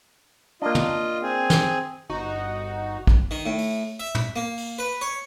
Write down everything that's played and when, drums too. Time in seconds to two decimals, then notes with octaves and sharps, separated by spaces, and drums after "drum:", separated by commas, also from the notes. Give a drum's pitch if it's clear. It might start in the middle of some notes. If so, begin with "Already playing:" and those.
0.62 A#3 D4 F4 D#5
0.75 drum: tom
1.22 C4 G#4
1.50 drum: snare
2.09 G1 D#4 F#4
3.07 drum: kick
3.31 D#3
3.46 A2
3.58 drum: open hi-hat
4.00 E5
4.15 drum: tom
4.36 A#3
4.58 drum: open hi-hat
4.79 B4
5.01 C#5